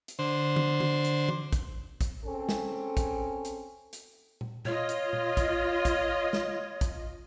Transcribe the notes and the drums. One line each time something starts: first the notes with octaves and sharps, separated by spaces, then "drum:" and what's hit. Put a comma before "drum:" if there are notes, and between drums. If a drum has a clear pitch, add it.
drum: hi-hat
D3 C5
drum: tom
drum: tom
drum: hi-hat
drum: tom E3
drum: kick, hi-hat
drum: kick, hi-hat
C4 C#4 G#4 A4
drum: snare
drum: kick, hi-hat
drum: hi-hat
drum: hi-hat
drum: tom A#2
F4 C#5 D#5, drum: tom A#2
drum: hi-hat
drum: tom A#2
drum: kick, hi-hat
drum: kick, hi-hat
drum: snare
drum: kick, hi-hat